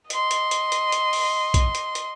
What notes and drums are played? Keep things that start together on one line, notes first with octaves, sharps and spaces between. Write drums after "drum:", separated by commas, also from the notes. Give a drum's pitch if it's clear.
D#5 C6, drum: hi-hat
drum: hi-hat
drum: hi-hat
drum: hi-hat
drum: hi-hat
drum: open hi-hat
drum: kick, hi-hat
drum: hi-hat
drum: hi-hat